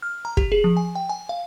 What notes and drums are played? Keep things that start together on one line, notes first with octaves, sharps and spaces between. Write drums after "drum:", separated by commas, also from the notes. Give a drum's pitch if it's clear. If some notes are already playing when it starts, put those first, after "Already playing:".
F6
A#5
G4, drum: kick
G#4
F3
G#5
G5
G#5
F5